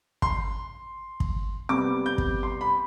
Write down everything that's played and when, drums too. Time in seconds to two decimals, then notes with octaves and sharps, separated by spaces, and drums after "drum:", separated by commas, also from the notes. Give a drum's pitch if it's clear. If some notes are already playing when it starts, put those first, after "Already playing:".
0.22 C6, drum: kick
1.20 drum: kick
1.69 C3 G3 B3 D6
2.06 G6
2.18 drum: kick
2.43 C6
2.61 B5